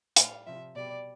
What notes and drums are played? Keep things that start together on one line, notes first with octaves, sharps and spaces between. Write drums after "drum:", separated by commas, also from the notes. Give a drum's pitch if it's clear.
A2 G3 F5, drum: hi-hat
C3 F3 E5
B2 G3 D5